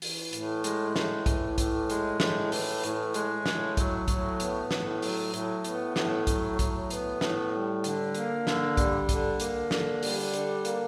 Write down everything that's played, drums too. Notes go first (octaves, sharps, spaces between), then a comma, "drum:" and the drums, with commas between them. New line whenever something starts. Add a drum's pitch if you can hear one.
E3, drum: open hi-hat
A2, drum: hi-hat
G#3, drum: hi-hat
A2, drum: snare
E3, drum: kick, hi-hat
A2, drum: kick, hi-hat
G#3, drum: hi-hat
A2, drum: snare
E3, drum: open hi-hat
A2, drum: hi-hat
G#3, drum: hi-hat
A2, drum: snare
F#3, drum: kick, hi-hat
A2, drum: kick, hi-hat
B3, drum: hi-hat
A2, drum: snare
F#3, drum: open hi-hat
A2, drum: hi-hat
B3, drum: hi-hat
A2, drum: snare
F#3, drum: kick, hi-hat
A2, drum: kick, hi-hat
B3, drum: hi-hat
A2, drum: snare
G3
D3, drum: hi-hat
A#3, drum: hi-hat
D3, drum: snare
G3, drum: kick, hi-hat
D3, drum: kick, hi-hat
A#3, drum: hi-hat
D3, drum: snare
G3, drum: open hi-hat
D3, drum: hi-hat
A#3, drum: hi-hat